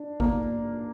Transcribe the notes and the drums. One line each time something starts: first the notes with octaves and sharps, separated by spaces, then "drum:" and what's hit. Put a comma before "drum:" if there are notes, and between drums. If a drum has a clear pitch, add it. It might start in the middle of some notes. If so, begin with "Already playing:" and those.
Already playing: D4
A#3, drum: kick G#1